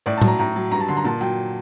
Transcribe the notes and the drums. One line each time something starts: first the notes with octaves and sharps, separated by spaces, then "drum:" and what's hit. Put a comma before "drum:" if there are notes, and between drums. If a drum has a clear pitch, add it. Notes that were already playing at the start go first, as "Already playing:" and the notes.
A2 D5
A5
F#3, drum: tom A2
A#5
A2 A#5
F#3
G2 A#5
A5
D3 C6
A#5
A#2 A5
F#3 G5